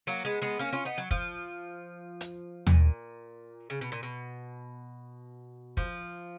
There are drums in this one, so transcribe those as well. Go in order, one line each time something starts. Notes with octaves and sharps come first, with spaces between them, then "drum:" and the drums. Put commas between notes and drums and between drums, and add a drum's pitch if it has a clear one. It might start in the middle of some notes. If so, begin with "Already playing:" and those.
F#3 A#3
G#3 B3
G#3 B3
A#3 C#4
C#4 F4
B3 D#4
F#3
F3, drum: kick
drum: hi-hat
A#2, drum: tom D#2
C#3
B2
A#2
B2
F3, drum: kick